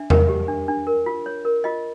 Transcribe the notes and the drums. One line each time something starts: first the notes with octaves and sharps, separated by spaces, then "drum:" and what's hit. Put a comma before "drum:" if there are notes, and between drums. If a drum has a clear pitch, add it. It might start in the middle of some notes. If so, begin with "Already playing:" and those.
Already playing: D4 E5
A#4, drum: tom E2
G4
D4
D4
A#4
F4
C#5
A#4
F4 D#5